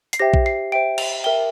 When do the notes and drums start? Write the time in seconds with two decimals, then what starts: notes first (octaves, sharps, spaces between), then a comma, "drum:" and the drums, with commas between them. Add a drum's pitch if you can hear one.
0.13 C7, drum: hi-hat
0.19 G4 C5 E5 G5 A#6
0.34 drum: kick A#1
0.46 C7
0.72 C5 E5 G5 D7
0.98 F7, drum: cymbal
1.24 A#4 E5 G5 G7